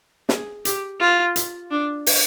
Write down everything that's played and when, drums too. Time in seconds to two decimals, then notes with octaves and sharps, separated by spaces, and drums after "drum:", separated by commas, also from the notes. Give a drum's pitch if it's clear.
0.29 G#4, drum: snare
0.65 G4, drum: hi-hat
1.00 F4
1.36 drum: hi-hat
1.71 D4
2.06 drum: open hi-hat